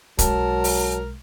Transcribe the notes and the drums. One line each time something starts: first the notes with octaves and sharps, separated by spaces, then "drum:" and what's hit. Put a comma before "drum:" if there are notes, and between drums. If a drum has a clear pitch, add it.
B1 F#3 G#3 A#4 A5, drum: kick, hi-hat
drum: open hi-hat